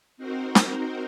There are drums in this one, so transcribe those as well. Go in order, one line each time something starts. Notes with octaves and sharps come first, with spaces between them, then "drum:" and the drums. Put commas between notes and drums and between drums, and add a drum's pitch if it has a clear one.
C4 D#4 F#4 A#4 C5
drum: snare